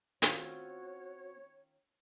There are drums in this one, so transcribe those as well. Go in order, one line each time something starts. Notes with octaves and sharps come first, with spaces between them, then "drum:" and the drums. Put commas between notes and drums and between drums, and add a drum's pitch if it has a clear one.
D#3 C4 C#4 F4 F#4 C#5, drum: hi-hat